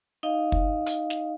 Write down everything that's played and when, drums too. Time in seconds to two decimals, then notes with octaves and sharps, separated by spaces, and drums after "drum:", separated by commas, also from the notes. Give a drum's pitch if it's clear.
0.23 D#4 D#5 F5
0.52 drum: kick
0.86 drum: hi-hat
1.10 drum: snare